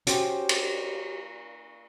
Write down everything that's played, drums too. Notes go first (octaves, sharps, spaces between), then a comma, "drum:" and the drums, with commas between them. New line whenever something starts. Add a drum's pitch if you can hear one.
C#4 F#4 G4 C5, drum: hi-hat
drum: cymbal